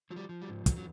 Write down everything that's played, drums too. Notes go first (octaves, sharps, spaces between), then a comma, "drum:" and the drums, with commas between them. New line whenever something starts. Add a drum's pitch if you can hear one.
F3 F#3
G3
F3
G3
G#2
E2 F#3, drum: kick, hi-hat
F#3